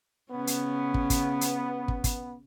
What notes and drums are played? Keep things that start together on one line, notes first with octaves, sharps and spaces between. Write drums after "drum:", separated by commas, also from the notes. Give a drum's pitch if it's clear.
C#3 B3 C#4
drum: hi-hat
drum: kick
drum: kick, hi-hat
drum: hi-hat
drum: kick
drum: kick, hi-hat